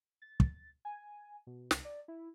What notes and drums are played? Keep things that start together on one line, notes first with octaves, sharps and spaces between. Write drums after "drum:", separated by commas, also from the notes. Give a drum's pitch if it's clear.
A6
drum: kick
G#5
B2
C2, drum: snare
D5
E4